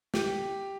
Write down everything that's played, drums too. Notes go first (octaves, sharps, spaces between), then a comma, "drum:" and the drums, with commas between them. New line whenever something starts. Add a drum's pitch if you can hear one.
G4, drum: snare